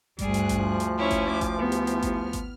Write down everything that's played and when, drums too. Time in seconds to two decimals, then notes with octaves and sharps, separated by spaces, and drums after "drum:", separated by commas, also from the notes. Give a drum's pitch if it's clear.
0.19 D2 G2 G3 G#4 F#6, drum: kick G#1, hi-hat
0.34 drum: hi-hat
0.49 drum: kick G#1, hi-hat
0.60 F3
0.80 drum: hi-hat
0.99 C#4 E4 C#5 G#5
1.10 drum: kick G#1, hi-hat
1.30 D6
1.41 drum: kick G#1, hi-hat
1.60 B3 E4 G4
1.72 drum: hi-hat
1.87 drum: hi-hat
2.02 drum: kick G#1, hi-hat
2.12 F6
2.33 drum: kick G#1, hi-hat